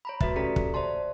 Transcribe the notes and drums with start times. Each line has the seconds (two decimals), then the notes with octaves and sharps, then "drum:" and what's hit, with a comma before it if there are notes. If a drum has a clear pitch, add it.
0.05 C#5 A#5 B5
0.20 A3 F#4 B4 E5 A6, drum: kick
0.36 C#4 G4 A4 D5 A#5 B6
0.56 drum: kick
0.74 C5 D5 E5 A5 C6